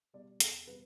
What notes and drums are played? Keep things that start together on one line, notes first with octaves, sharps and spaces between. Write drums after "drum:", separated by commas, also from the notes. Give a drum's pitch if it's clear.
B2 G3 D5
E2 A4, drum: hi-hat
B2 G3 B4